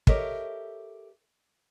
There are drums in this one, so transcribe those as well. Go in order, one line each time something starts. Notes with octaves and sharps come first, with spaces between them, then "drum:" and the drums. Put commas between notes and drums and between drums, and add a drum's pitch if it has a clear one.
G4 A4 A#4 C#5 D#5 E5, drum: kick